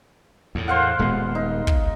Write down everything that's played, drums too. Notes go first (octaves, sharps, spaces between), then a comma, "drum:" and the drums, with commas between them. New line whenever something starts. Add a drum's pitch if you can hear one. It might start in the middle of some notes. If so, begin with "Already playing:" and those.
E2 A2
C5 F5 F#5
D#1 G#3 B3
D#4
drum: kick